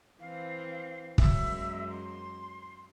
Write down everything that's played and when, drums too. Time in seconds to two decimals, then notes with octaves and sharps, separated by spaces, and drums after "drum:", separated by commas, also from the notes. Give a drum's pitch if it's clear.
0.20 E3 C4 F5
1.18 F#2 G#3 A#3 E5, drum: kick
1.90 C6